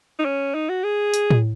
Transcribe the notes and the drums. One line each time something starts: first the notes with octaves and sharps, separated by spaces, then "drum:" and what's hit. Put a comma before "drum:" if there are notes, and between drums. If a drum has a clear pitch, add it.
D#4
C#4
D#4
F#4
G#4
drum: hi-hat
drum: tom A2